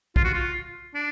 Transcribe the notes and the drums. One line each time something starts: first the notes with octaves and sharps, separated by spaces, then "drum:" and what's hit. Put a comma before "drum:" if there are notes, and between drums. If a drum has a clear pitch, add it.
F4, drum: kick
F#4
F4
D4